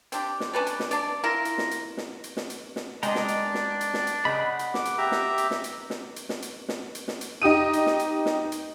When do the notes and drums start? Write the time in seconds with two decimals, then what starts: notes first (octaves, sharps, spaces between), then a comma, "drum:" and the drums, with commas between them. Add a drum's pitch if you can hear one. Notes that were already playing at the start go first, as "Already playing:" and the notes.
0.12 C4 D4 G4, drum: hi-hat
0.40 drum: snare
0.53 C#4 D4 B4 D5
0.67 drum: hi-hat
0.80 drum: snare
0.91 D4 D5, drum: hi-hat
1.24 E4 F4 A#4
1.45 drum: hi-hat
1.58 drum: snare
1.71 drum: hi-hat
1.97 drum: snare
2.24 drum: hi-hat
2.37 drum: snare
2.50 drum: hi-hat
2.76 drum: snare
3.03 G#3 D4 D5 D#5 G5 A#5, drum: hi-hat
3.15 drum: snare
3.28 drum: hi-hat
3.54 drum: snare
3.81 drum: hi-hat
3.94 drum: snare
4.07 drum: hi-hat
4.25 C#3 G#4 D#5 F#5 B5
4.59 drum: hi-hat
4.74 D6, drum: snare
4.85 drum: hi-hat
4.98 G4 E5 G5 A#5
5.11 drum: snare
5.38 drum: hi-hat
5.51 drum: snare
5.64 drum: hi-hat
5.90 drum: snare
6.16 drum: hi-hat
6.29 drum: snare
6.42 drum: hi-hat
6.69 drum: snare
6.95 drum: hi-hat
7.08 drum: snare
7.21 drum: hi-hat
7.42 D#4 G4 D#6 D#7
7.73 drum: hi-hat
7.86 drum: snare
7.99 drum: hi-hat
8.26 drum: snare
8.52 drum: hi-hat